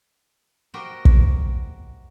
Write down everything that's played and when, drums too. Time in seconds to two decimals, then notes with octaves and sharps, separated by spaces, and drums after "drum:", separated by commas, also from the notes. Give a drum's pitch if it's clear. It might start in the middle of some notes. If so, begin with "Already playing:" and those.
0.74 F#4 G4 A#4 C5 D#5 G5
1.05 drum: kick